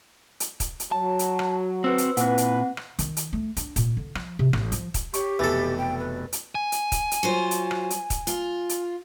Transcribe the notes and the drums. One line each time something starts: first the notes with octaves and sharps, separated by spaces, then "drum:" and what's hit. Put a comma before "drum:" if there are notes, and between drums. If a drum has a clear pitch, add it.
drum: hi-hat
drum: kick, hi-hat
drum: hi-hat
F#3 A5
drum: hi-hat
drum: rim click
C4 F#4 B4 C5 E6
drum: hi-hat
A#2 C4 E4 B4 F#5, drum: hi-hat
drum: hi-hat
drum: rim click
D#3, drum: hi-hat
drum: hi-hat
A3
D4, drum: hi-hat
A#2, drum: kick, hi-hat
D3
F3, drum: rim click
C3
A1, drum: rim click
F3, drum: hi-hat
drum: kick, hi-hat
G4 C#5 C#6, drum: hi-hat
F1 B2 E3 A4 A6
G5
B4
drum: hi-hat
G#5
drum: hi-hat
drum: kick, hi-hat
drum: hi-hat
F#3 F4 C5
drum: hi-hat
drum: rim click
drum: hi-hat
drum: kick, hi-hat
F4, drum: hi-hat
drum: hi-hat